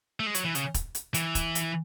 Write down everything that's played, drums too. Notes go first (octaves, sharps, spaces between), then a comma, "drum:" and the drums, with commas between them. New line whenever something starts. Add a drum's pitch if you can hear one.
A3
G#3
F#3, drum: hi-hat
E3
C#3, drum: hi-hat
drum: kick, hi-hat
drum: hi-hat
E3, drum: hi-hat
drum: kick, hi-hat
drum: hi-hat